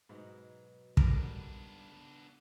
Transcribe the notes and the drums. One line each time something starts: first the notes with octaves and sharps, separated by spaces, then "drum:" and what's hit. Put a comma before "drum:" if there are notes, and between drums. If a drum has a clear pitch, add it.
G#2 B2 F#3 D#4
G#2 D3 G3 B3 D4 A#4, drum: kick